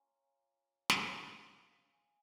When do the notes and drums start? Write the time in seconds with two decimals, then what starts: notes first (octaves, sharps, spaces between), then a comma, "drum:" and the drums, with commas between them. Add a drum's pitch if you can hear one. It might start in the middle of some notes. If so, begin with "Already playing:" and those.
Already playing: A#3 C#4 F4
0.90 drum: snare
1.00 D#5
1.08 F5
1.22 D#5
1.34 F5
1.58 F#5
1.84 G#5